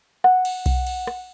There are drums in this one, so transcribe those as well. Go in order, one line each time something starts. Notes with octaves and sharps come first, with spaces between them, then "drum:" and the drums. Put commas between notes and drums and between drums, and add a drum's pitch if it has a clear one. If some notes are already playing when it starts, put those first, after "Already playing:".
F#5, drum: rim click
drum: cymbal
drum: kick B1, cymbal
drum: cymbal
drum: rim click